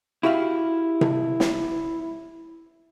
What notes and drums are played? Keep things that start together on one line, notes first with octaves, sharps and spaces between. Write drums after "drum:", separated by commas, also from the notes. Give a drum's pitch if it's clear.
E4 F#4 G4 E5 F5
drum: tom C3
drum: snare